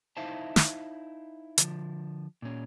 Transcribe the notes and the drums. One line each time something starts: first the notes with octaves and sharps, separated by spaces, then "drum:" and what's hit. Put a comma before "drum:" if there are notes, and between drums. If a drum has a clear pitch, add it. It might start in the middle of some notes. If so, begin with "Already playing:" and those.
D#4 E4 C5 E5 F5 A5
drum: snare
D3 F3, drum: hi-hat
A#2 C#4